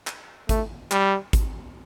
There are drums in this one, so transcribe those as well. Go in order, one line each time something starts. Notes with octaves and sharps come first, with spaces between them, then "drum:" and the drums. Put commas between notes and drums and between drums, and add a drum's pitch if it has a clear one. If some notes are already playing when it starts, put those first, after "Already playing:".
drum: clap
A3, drum: kick G#1, hi-hat
G3, drum: clap
drum: kick G#1, hi-hat